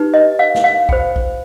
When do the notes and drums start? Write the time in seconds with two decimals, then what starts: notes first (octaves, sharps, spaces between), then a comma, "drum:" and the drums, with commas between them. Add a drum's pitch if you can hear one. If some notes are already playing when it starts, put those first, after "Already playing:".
Already playing: D#4 G4 B4
0.14 D#5
0.39 F5
0.55 drum: snare
0.64 F5
0.89 F4 C5 G5, drum: kick
1.16 drum: kick